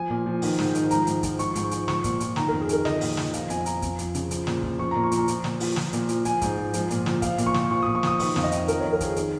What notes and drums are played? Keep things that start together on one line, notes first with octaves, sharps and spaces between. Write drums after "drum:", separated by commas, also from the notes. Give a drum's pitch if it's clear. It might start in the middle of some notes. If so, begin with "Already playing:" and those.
Already playing: F3 G#5
A#2
F3
D#3, drum: open hi-hat
G#2, drum: snare
D#3, drum: hi-hat
F3 A#5, drum: hi-hat
G#2, drum: hi-hat
F3, drum: kick, hi-hat
F3 C#6, drum: hi-hat
G#2, drum: hi-hat
C#6
F3, drum: hi-hat
F3 C#6, drum: snare
A#2, drum: kick, hi-hat
F3, drum: hi-hat
D#3 A#5, drum: snare
F2 A#4
G#4
D#3 A#4, drum: hi-hat
F3 D#5, drum: snare
A#2, drum: open hi-hat
F3, drum: snare
F3 F5, drum: hi-hat
F2 G#5, drum: hi-hat
F3 A#5, drum: hi-hat
F2, drum: kick, hi-hat
F3, drum: hi-hat
C#3, drum: hi-hat
F3, drum: hi-hat
A#2, drum: snare
F3, drum: kick
F3 C#6
A#2 A#5
C#6
F3 A#5, drum: hi-hat
F3, drum: hi-hat
A#2, drum: snare
F3, drum: open hi-hat
F3, drum: snare
A#2, drum: hi-hat
F3, drum: hi-hat
F3 G#5, drum: hi-hat
G#2, drum: kick, hi-hat
F3
F3, drum: hi-hat
A#2, drum: hi-hat
F3, drum: snare
F3 F5, drum: kick, hi-hat
A#2, drum: hi-hat
C#6
F3, drum: snare
F3 C#6
A#2 D#6
C#6
F3 D#6, drum: snare
D#3 C#6, drum: open hi-hat
F2 F5, drum: snare
D#5
D#3, drum: hi-hat
F3 A#4, drum: hi-hat
F2 C#5
A#4
F3 G#4, drum: kick, hi-hat
D#3, drum: hi-hat